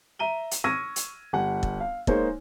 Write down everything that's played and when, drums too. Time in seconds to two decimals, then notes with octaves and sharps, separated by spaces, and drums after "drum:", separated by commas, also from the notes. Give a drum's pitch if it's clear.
0.19 E5 A#5 D#7 G7
0.51 drum: hi-hat
0.64 C#6 E6 F6 G#6 A#6 D#7
0.96 drum: hi-hat
1.33 G1 G4 F#5
1.63 drum: kick
1.80 F5
2.07 G#3 A#3 D#4 G#4 C5 C#5, drum: kick